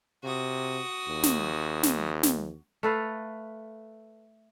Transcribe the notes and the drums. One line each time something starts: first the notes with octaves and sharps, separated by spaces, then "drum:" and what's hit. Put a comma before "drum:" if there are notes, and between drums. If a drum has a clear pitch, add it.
C3 F#4 D#6
D#2
drum: snare
drum: snare
drum: snare
A3 A4 B4 F5